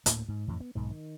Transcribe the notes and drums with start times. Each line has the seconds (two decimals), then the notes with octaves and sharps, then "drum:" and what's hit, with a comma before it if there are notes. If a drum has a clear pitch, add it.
0.06 D2 A2 A#3, drum: hi-hat
0.28 G#2
0.48 F2 A2 E3
0.60 B3
0.75 B1 G#2 D#3
0.90 D#3